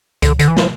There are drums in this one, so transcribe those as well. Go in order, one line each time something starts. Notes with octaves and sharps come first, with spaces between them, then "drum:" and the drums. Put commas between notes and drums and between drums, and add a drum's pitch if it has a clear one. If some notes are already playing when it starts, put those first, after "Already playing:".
D3, drum: kick C#2, hi-hat
D3, drum: hi-hat
E3
F3, drum: snare